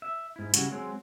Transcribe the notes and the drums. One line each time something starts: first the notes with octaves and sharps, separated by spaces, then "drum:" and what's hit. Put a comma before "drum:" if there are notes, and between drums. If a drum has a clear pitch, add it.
E5
G#2 E4
C#3 G3 E4 F#4, drum: hi-hat
F#3 G#3 C4